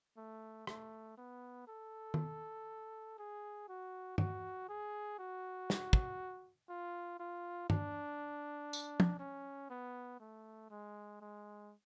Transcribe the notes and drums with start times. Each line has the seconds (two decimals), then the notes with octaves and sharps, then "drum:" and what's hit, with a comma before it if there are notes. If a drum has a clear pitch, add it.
0.17 A3
0.67 A3, drum: rim click
1.18 B3
1.68 A4
2.14 drum: tom D#3
3.19 G#4
3.69 F#4
4.18 F#4, drum: tom G2
4.69 G#4
5.19 F#4
5.70 drum: snare
5.93 drum: kick
6.69 F4
7.20 F4
7.70 D4, drum: tom G2
8.73 drum: tambourine
9.00 drum: tom
9.20 C#4
9.70 B3
10.20 A3
10.70 G#3
11.21 G#3